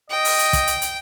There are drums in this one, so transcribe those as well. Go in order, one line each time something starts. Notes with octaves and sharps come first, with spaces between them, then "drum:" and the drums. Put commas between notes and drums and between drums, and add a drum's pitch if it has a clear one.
D#5 G5
drum: open hi-hat
drum: hi-hat
drum: kick, hi-hat
drum: hi-hat
drum: hi-hat